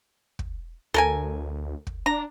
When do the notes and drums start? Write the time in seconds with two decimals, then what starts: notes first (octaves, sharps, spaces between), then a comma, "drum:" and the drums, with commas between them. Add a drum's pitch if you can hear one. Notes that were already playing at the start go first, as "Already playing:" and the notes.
0.39 drum: kick
0.94 D2 A4 A#4 G#5
1.87 drum: kick
2.06 D4 A#5